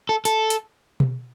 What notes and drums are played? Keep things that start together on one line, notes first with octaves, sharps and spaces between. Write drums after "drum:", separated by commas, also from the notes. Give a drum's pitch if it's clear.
A4
A4, drum: hi-hat
drum: hi-hat
drum: tom B2